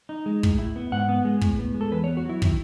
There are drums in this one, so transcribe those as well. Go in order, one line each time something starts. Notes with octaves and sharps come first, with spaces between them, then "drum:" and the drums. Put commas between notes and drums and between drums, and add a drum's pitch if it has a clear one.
D#4
G#3
A2, drum: kick
E4
B3
G#2 F#5
B3
G#3
A2, drum: kick
B3
G#3
A4
E2 B4
C#5
B3
F#4
F#3 E4
D#3 E4, drum: kick